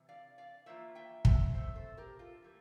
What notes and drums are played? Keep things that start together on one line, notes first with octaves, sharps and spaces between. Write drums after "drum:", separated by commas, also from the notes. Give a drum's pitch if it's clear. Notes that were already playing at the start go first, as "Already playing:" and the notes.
Already playing: C3 E3
D5 F5
D5 F5
A2 E3 A#3 F4 C5 E5
E5 G5
C5 E5, drum: kick
E3 A3 C4 C5 E5
A4 C5
G4 A#4
F4 A4
E3 G3 A#3